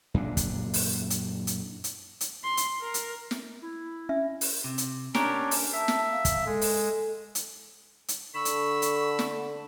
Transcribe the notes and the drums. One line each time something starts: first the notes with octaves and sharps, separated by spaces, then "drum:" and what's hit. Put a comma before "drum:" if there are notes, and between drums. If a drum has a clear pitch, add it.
F#2 A#2 D4
drum: kick, hi-hat
drum: open hi-hat
drum: hi-hat
drum: hi-hat
drum: hi-hat
drum: hi-hat
C6
drum: hi-hat
A#4
drum: hi-hat
drum: snare
E4
C#4 E5
drum: open hi-hat
C3
drum: hi-hat
A#3 C#4 D4 G4 A#4, drum: snare
drum: open hi-hat
E5 A5
drum: snare
F5
drum: kick, hi-hat
G#3 A4
drum: open hi-hat
drum: hi-hat
drum: hi-hat
D3 B5 C#6 E6
drum: hi-hat
drum: hi-hat
drum: snare